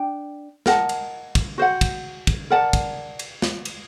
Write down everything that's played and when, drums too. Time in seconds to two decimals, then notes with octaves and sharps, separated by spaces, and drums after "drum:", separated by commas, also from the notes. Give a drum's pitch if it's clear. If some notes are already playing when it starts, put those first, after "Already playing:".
Already playing: D4 G5
0.66 A#4 D#5 F#5 A5, drum: snare
0.89 drum: cymbal
1.35 drum: kick, cymbal
1.58 F#4 C5 F#5
1.81 drum: kick, cymbal
2.27 drum: kick, cymbal
2.50 A#4 D5 F#5 A5
2.73 drum: kick, cymbal
3.19 drum: cymbal
3.42 drum: snare
3.65 drum: cymbal